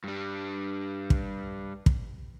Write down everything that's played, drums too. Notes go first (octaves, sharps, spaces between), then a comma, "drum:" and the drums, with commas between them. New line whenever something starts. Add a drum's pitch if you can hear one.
G2 G3
drum: kick
drum: kick